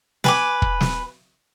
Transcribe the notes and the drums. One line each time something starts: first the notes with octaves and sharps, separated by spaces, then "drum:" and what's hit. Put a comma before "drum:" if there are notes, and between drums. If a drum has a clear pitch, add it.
B4 G#5 D6, drum: snare
drum: kick
drum: snare